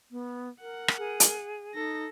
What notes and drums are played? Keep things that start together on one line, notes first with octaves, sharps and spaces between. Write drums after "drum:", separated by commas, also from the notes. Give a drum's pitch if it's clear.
B3
A#4 F#5
drum: rim click
G#4
drum: hi-hat
D#4 A4 A#6